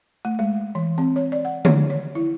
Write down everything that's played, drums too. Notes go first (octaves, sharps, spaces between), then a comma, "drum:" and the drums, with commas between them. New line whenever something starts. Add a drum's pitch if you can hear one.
A3
G#3
E3
C4
C#5
D5
F#5
C#5, drum: tom D3
C#5
E4